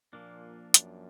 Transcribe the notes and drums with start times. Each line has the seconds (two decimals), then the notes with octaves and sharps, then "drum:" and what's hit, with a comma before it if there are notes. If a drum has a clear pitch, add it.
0.13 A#2 F3 A#3 D4
0.74 F#2, drum: hi-hat